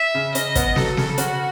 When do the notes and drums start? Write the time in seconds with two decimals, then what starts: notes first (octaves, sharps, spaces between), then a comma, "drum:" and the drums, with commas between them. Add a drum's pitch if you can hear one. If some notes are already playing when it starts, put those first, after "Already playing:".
Already playing: E5
0.14 C#3
0.35 C#3 D#5, drum: hi-hat
0.55 B3, drum: kick, hi-hat
0.76 F#3 A4, drum: snare
0.97 C#3, drum: snare
1.18 C#3 F#4, drum: hi-hat